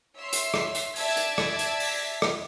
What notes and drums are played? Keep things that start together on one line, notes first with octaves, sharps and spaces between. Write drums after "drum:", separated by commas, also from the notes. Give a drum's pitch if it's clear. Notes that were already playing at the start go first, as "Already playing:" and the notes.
C#5 E5 C6
drum: hi-hat
drum: rim click
drum: hi-hat
D5 E5 A5 G#6, drum: open hi-hat
drum: hi-hat
drum: rim click
drum: hi-hat
drum: open hi-hat
drum: rim click